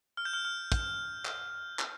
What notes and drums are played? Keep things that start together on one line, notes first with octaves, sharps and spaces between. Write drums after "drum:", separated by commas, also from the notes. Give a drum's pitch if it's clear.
F6
G6
F6
F6
G6, drum: kick, hi-hat
drum: clap
drum: clap